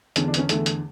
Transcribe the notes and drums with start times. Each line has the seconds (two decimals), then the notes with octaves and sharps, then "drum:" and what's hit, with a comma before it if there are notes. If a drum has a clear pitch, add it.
0.16 E2 D3 C#4, drum: hi-hat
0.28 D4
0.34 B3, drum: hi-hat
0.38 C#4
0.49 E2 D3 A3, drum: hi-hat
0.66 drum: hi-hat